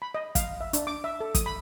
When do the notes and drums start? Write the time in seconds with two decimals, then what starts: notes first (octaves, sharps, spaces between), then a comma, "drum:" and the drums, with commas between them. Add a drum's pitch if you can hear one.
0.02 B5
0.15 D#5
0.35 F5, drum: kick, hi-hat
0.61 E5
0.73 D4, drum: hi-hat
0.87 D6
1.04 E5
1.21 A4
1.35 D#6, drum: kick, hi-hat
1.46 B5